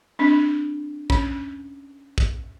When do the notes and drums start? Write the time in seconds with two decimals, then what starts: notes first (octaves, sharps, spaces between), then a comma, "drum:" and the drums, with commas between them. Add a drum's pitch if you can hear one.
0.19 C4 D4
1.10 C#4, drum: kick
2.18 drum: kick